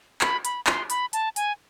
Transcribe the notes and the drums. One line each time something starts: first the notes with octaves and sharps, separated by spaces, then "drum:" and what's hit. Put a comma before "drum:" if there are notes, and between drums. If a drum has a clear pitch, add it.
B5, drum: clap
B5, drum: hi-hat
C6, drum: clap
B5, drum: hi-hat
A5, drum: hi-hat
G#5, drum: hi-hat